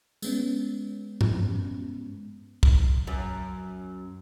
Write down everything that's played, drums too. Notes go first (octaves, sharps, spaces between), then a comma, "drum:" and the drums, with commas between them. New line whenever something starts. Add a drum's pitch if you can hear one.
G#3 B3 C#4, drum: tambourine
drum: tom G2
drum: kick
F#2